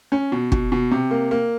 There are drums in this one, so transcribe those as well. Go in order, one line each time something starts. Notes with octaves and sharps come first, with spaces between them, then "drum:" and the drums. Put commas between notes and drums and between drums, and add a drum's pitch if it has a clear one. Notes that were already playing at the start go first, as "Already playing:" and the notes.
C#4
B2
B2, drum: kick
B2
C3
A#3
A#3